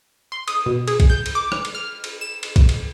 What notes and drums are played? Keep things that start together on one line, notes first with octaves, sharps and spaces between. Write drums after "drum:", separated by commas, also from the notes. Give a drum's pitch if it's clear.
C6
D#6, drum: cymbal
B2
G#4, drum: cymbal
drum: kick A#1, cymbal
G6
drum: cymbal
D6
drum: rim click
drum: cymbal
F6
drum: cymbal
E7
drum: cymbal
drum: kick A#1, cymbal
drum: cymbal